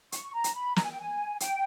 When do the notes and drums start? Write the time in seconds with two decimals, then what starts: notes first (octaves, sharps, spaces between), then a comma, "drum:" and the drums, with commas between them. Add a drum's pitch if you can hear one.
0.12 C#6, drum: hi-hat
0.34 A#5
0.44 drum: hi-hat
0.55 B5
0.76 A#5, drum: snare
0.84 G#5
0.92 G5
1.00 G#5
1.40 G5, drum: hi-hat